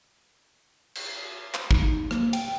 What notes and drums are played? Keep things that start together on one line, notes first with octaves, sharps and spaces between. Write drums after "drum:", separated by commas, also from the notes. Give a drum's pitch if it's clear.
drum: cymbal
drum: clap
D#4, drum: kick
A#3, drum: rim click
G5, drum: cymbal